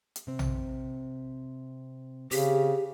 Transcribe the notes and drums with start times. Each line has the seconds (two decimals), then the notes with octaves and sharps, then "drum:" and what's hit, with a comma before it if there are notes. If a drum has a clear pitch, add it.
0.16 drum: hi-hat
0.27 C3 C4
0.39 drum: tom A#1
2.31 C#3 C4 G4, drum: open hi-hat